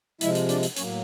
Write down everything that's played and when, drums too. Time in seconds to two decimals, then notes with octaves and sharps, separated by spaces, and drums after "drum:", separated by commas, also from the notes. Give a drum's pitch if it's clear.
0.21 C3 F3 G#3 E4 E5, drum: hi-hat
0.35 drum: hi-hat
0.49 D4 D5, drum: hi-hat
0.63 drum: hi-hat
0.77 A2 F#3 A#3 C#4 C#5, drum: hi-hat